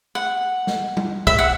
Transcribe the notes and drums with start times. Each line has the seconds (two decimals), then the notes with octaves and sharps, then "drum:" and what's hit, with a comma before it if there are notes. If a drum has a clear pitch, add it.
0.15 F#5
0.67 drum: snare
0.97 drum: tom
1.27 E5, drum: kick
1.39 F#5